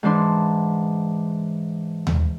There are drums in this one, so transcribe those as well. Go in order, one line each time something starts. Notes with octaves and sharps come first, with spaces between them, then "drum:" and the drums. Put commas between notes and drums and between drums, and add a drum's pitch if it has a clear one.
G#2 E3 D4 C6
drum: tom D#2